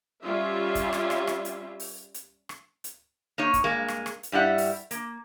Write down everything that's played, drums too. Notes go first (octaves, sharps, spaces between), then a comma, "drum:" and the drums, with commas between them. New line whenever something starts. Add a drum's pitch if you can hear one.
G3 C#4 F4 E5
drum: kick, hi-hat
drum: rim click
drum: rim click
drum: rim click
drum: hi-hat
drum: open hi-hat
drum: hi-hat
drum: rim click
drum: hi-hat
A#3 D#4 C#5
drum: kick, hi-hat
G2 G#3 A#3
drum: rim click
drum: rim click
drum: hi-hat
G2 G3 E4 F#5
drum: open hi-hat
A#3, drum: hi-hat